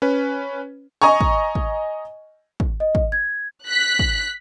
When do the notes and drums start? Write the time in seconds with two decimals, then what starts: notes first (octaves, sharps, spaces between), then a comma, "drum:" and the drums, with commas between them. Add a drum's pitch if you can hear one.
0.02 C#4 B4
1.02 D#5 G#5 A#5 C#6
1.21 drum: kick
1.55 drum: kick
2.60 drum: kick
2.80 D#5
2.95 drum: kick
3.12 G#6
3.68 F#6 B6
3.99 drum: kick